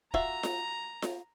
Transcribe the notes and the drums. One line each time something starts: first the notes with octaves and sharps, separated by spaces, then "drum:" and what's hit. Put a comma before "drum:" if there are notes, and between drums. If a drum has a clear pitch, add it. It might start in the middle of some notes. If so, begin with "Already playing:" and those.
F4 F#4 E5 A#5, drum: kick
drum: snare F4
drum: snare F4